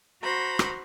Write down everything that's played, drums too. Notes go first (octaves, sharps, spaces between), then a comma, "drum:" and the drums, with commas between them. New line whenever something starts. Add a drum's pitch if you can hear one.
F#4 C5 A#5 B5
drum: rim click